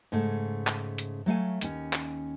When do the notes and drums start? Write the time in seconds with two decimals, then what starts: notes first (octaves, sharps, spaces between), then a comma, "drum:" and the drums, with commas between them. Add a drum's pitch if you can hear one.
0.12 G#2 C#3 A3
0.67 drum: clap
0.98 drum: hi-hat
1.26 F#3 A3 F5 G#5
1.61 D#2 C#4, drum: hi-hat
1.93 drum: clap